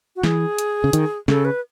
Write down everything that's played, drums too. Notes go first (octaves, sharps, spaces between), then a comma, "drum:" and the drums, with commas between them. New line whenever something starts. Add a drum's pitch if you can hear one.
F#4
E3 G#4, drum: snare
drum: hi-hat
C#3
D#3, drum: hi-hat
C#3 A4, drum: snare
B4